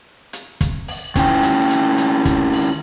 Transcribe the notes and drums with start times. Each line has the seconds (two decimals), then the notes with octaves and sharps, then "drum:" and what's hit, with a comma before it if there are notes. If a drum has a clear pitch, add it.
0.33 drum: hi-hat
0.61 drum: kick, hi-hat
0.88 drum: open hi-hat
1.16 D#3 C#4 E4 G5, drum: kick, hi-hat
1.43 drum: hi-hat
1.70 drum: hi-hat
1.98 drum: hi-hat
2.25 drum: kick, hi-hat
2.53 drum: open hi-hat